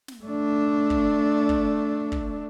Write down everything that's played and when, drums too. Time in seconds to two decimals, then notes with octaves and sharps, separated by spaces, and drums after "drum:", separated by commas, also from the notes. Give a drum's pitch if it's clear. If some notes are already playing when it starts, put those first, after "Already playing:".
0.08 drum: snare
0.24 A3 D4
0.90 drum: kick
1.49 drum: kick
2.12 drum: kick